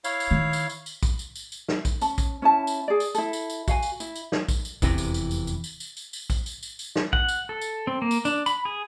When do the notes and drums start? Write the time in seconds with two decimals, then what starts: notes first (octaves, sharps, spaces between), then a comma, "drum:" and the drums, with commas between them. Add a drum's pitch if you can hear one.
0.04 E4 C#5 F5, drum: tambourine
0.20 drum: tambourine
0.31 D#3
0.53 drum: tambourine
0.70 drum: tambourine
0.86 drum: tambourine
1.03 drum: kick A#1, tambourine
1.19 drum: tambourine
1.36 drum: tambourine
1.52 drum: tambourine
1.68 drum: snare
1.85 drum: kick A#1, tambourine
2.01 C#4 A5, drum: tambourine
2.18 drum: kick A#1, tambourine
2.42 C#4 E4 A5
2.67 drum: tambourine
2.88 G#4 D5
3.00 drum: tambourine
3.15 E4 A4, drum: tambourine
3.33 drum: tambourine
3.50 drum: tambourine
3.68 F#4 F5 G#5, drum: kick A#1, tambourine
3.83 drum: tambourine
4.00 E4, drum: tambourine
4.16 drum: tambourine
4.32 drum: snare
4.48 drum: kick A#1, tambourine
4.65 drum: tambourine
4.82 F1 E2 C3 E3, drum: kick A#1, tambourine
4.98 drum: tambourine
5.14 drum: tambourine
5.31 drum: tambourine
5.47 drum: tambourine
5.64 drum: tambourine
5.80 drum: tambourine
5.97 drum: tambourine
6.13 drum: tambourine
6.30 drum: kick A#1, tambourine
6.46 drum: tambourine
6.63 drum: tambourine
6.79 drum: tambourine
6.96 drum: snare
7.13 F#5, drum: kick A#1
7.28 drum: tambourine
7.49 A4
7.61 drum: tambourine
7.87 C4
8.02 A#3
8.11 drum: tambourine
8.25 D4, drum: tambourine
8.46 B5, drum: tambourine
8.65 G#4